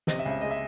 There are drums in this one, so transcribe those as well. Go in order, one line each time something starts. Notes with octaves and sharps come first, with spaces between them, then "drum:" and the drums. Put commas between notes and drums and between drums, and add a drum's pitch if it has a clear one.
C3 D#5, drum: snare
E5
C#2
E5
G#3 D#5
E5